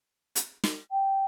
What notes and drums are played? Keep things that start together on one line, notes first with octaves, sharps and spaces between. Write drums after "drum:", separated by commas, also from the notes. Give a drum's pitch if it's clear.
drum: hi-hat
drum: snare
G5